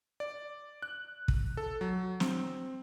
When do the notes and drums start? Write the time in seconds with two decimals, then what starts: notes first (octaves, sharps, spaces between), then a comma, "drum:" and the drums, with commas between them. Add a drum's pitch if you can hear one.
0.20 D5
0.82 F#6
1.28 drum: kick
1.57 A4
1.81 F#3
2.20 C4, drum: snare